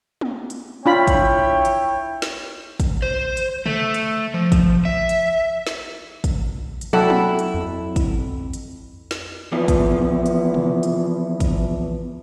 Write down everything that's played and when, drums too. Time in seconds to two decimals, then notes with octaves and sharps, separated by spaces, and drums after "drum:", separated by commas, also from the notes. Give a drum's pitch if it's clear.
0.21 drum: tom
0.50 drum: hi-hat
0.86 D4 E4 F4 C#5 G5 B5
1.07 drum: kick, hi-hat
1.65 drum: hi-hat
2.22 drum: snare
2.80 drum: kick, hi-hat
3.02 C5
3.37 drum: hi-hat
3.66 A3, drum: tom
3.94 drum: hi-hat
4.34 F3
4.52 drum: kick, hi-hat
4.85 E5
5.09 drum: hi-hat
5.67 drum: snare
6.24 drum: kick, hi-hat
6.81 drum: hi-hat
6.93 F#3 E4 A4 F#5 G5
7.10 drum: tom
7.39 drum: hi-hat
7.54 F2
7.96 drum: kick, hi-hat
8.53 drum: hi-hat
9.11 drum: snare
9.52 E3 F3 B3
9.68 drum: kick, hi-hat
10.26 drum: hi-hat
10.54 drum: tom
10.83 drum: hi-hat
11.40 drum: kick, hi-hat